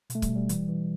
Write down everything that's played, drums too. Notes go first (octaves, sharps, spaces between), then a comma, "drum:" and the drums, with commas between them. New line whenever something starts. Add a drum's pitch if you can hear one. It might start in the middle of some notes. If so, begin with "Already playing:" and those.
B2, drum: hi-hat
A3
G3, drum: kick, hi-hat
B2
G3
E3, drum: hi-hat
E3